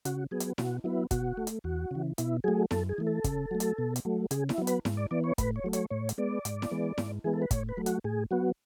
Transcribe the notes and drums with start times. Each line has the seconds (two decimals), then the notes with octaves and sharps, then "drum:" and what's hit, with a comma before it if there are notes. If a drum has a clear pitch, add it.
0.05 C#3 F#4, drum: hi-hat
0.31 F#3 B3 G#4
0.40 drum: hi-hat
0.58 B2 F#4, drum: snare E4
0.84 F#3 B3 E4
1.11 B2 F#4, drum: kick, hi-hat
1.37 A3
1.47 drum: hi-hat
1.64 E2 F#4
1.91 C#3 E3
2.18 B2 E4, drum: hi-hat
2.44 F#3 A3 G#4
2.71 F#2 A4, drum: snare E4
2.89 G#4
2.98 E3 A3
3.07 A4
3.24 C#3, drum: kick, hi-hat
3.51 F#3 A3
3.60 drum: hi-hat
3.78 B2
3.96 drum: hi-hat
4.05 F#3 A3
4.31 C#3 G#4, drum: hi-hat
4.49 E4, drum: snare E4
4.58 F#3 B3
4.67 B4, drum: hi-hat
4.85 G#2, drum: snare E4
4.97 D5
5.11 E3 B3 D5
5.24 C#5
5.38 A2 B4, drum: kick, hi-hat
5.56 C#5
5.64 F#3 A3
5.73 C#5, drum: hi-hat
5.90 A2 C#5
6.09 drum: hi-hat
6.18 G#3 B3 D5
6.45 G#2, drum: hi-hat
6.62 drum: snare E4
6.71 E3 G#3 B3
6.98 G#2, drum: snare E4
7.24 E3 G#3 B3 G#4
7.33 A4
7.42 B4
7.51 A2 C#5, drum: kick, hi-hat
7.69 B4
7.77 F#3 A3
7.86 F#4, drum: hi-hat
8.04 A2 G#4
8.31 F#3 B3 F#4